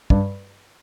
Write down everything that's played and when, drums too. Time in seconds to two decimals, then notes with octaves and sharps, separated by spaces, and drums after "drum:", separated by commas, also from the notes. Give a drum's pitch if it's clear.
0.10 G2, drum: kick